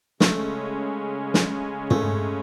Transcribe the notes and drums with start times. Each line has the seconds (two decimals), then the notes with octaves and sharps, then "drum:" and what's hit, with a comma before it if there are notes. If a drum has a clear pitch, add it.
0.21 C#3 G#3 A3 C#4, drum: snare
1.34 drum: snare
1.91 A3, drum: tom